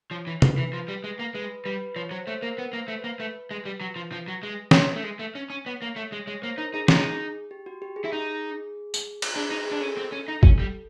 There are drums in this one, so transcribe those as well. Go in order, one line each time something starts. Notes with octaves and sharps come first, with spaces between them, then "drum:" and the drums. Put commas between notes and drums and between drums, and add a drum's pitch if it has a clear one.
F3 C#5
E3
F3 B4, drum: tom
E3 B4
F3
G3
G#3
A#3
G#3 B4
G3 B4
F3 C#5
F#3 C5
A3 C5
A#3 A#4
B3 B4
A#3
C5
A3
B4
A#3
A3 B4
G#3
G3
F#3
F3
F3
F#3
G#3
drum: snare
A3
G#3
A3
C#4
C#4
B3 C#5
A#3
A3 C#5
G#3
G#3 C#5
A#3 C5
D#4 A#4
D#4 G#4
D#4, drum: snare
G4
F#4
G4
G#4
E4
D#4 G#4
drum: tambourine
drum: cymbal
D4 G#4
D#4 F#4
G#4
D4
C#4 A4
C4
C#4
D#4
C#4, drum: kick
G3